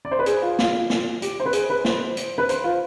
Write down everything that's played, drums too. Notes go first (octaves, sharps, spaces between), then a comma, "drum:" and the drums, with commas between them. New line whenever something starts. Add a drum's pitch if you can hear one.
D5
C5
B4
G#4, drum: hi-hat
F4
F4, drum: snare
drum: snare
G4, drum: hi-hat
C5
B4
G#4, drum: hi-hat
B4
C5, drum: snare
drum: hi-hat
B4
C5, drum: hi-hat
F4